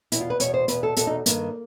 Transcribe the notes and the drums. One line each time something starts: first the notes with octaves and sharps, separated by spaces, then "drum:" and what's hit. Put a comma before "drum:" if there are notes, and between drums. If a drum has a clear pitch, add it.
E2 B2 E4, drum: hi-hat
F4
B4
E2 B2 C#5, drum: hi-hat
C5
E2 B2 B4, drum: hi-hat
A4
E2 B2 A4, drum: hi-hat
D#4
G2 D#3 A#3, drum: hi-hat